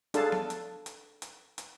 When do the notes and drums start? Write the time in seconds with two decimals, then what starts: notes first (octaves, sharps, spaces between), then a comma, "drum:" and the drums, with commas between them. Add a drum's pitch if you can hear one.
0.14 D4 G#4 A4 F5 A5, drum: hi-hat
0.32 drum: snare B3
0.50 drum: hi-hat
0.86 drum: hi-hat
1.22 drum: hi-hat
1.58 drum: hi-hat